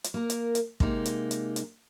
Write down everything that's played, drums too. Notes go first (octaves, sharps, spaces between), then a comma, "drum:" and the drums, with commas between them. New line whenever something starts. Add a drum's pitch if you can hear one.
drum: hi-hat
A#3 A#4
drum: hi-hat
drum: hi-hat
C3 G#3 A#3 D#4, drum: kick
drum: hi-hat
drum: hi-hat
drum: hi-hat